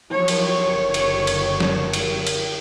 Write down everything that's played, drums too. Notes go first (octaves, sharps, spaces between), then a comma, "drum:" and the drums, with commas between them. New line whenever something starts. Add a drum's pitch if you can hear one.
F3 F#3 C#5
drum: cymbal
F#1 D3
drum: cymbal
drum: cymbal
drum: snare
drum: cymbal
drum: cymbal